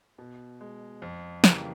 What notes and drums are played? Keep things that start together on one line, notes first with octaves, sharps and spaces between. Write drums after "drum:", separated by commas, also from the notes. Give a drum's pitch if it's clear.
B2
G#3
F2
C#3 E3 G3 A#3, drum: snare